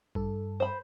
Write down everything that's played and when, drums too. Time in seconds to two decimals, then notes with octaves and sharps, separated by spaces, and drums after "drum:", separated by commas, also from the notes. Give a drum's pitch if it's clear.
0.15 G2 A4, drum: kick A1
0.60 C5 B5